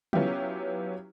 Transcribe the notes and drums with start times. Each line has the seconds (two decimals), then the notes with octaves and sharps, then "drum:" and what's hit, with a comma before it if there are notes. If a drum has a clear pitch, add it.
0.13 F#3 B3 C#4 E4 F4 G4, drum: tom C#3